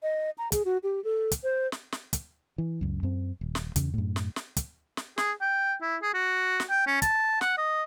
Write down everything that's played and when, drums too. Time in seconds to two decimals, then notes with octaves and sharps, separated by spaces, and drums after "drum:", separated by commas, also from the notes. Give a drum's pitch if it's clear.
0.03 D#5
0.38 A#5
0.52 G#4, drum: kick, hi-hat
0.65 F#4
0.83 G4
1.04 A4
1.31 drum: kick, hi-hat
1.43 C5
1.72 drum: snare
1.92 drum: snare
2.13 drum: kick, hi-hat
2.58 E3
2.81 C#2 F#2
3.03 F#2 C4
3.41 D#1
3.55 drum: snare
3.76 E2 C#3, drum: kick, hi-hat
3.94 F#2 A2
4.16 drum: snare
4.36 drum: snare
4.57 drum: kick, hi-hat
4.97 drum: snare
5.18 G#4, drum: snare
5.41 G5
5.82 E4
6.02 G#4
6.14 F#4
6.60 drum: snare
6.70 G5
6.87 C#4
7.02 A5, drum: kick, hi-hat
7.41 F#5, drum: snare
7.58 D#5